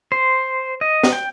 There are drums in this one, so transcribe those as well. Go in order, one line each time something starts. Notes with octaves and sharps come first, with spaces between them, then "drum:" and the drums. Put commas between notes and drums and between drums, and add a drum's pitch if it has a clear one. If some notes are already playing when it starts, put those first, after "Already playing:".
C5
D#5
drum: snare
G5